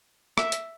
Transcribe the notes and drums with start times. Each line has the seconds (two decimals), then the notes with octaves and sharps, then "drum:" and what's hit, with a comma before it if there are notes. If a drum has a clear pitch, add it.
0.38 E5, drum: rim click
0.52 drum: hi-hat